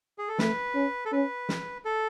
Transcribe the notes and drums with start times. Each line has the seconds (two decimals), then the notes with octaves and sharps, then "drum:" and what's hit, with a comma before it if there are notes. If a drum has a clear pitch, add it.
0.18 G#4
0.28 A4
0.39 A3 B4, drum: snare
0.75 C#4
1.05 A4
1.12 C#4 B4
1.49 drum: snare
1.85 A4